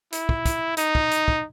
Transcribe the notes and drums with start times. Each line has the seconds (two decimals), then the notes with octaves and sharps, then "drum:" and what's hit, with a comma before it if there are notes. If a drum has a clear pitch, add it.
0.13 E4, drum: hi-hat
0.29 drum: kick
0.45 drum: kick, hi-hat
0.77 D#4, drum: hi-hat
0.95 drum: kick
1.11 drum: hi-hat
1.28 drum: kick